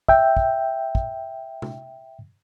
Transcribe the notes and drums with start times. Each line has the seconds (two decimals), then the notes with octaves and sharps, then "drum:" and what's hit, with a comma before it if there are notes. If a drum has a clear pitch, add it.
0.09 E5 G5, drum: kick
0.37 drum: kick
0.95 drum: kick
1.62 drum: tom C3